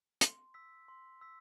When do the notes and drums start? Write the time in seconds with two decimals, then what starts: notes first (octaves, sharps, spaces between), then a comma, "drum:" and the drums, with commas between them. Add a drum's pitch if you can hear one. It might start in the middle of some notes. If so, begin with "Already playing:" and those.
0.21 C6, drum: hi-hat
0.54 E6 B6
0.88 C6
1.21 E6 B6